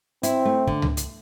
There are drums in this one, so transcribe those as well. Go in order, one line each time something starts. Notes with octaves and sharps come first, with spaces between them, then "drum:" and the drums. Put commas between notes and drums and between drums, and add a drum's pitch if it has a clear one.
C4 E4, drum: hi-hat
A3
D3, drum: kick
drum: tom C#2
drum: hi-hat